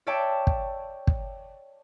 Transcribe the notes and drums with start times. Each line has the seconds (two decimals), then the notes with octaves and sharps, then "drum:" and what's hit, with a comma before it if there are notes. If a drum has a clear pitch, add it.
0.07 C#5 D5 E5 G5 A5
0.47 drum: kick
1.07 drum: kick